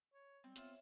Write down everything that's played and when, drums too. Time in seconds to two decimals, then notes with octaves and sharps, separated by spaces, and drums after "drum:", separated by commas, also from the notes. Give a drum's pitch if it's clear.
0.14 C#5
0.44 G3 C4
0.56 B3 F4 C#5 E5, drum: hi-hat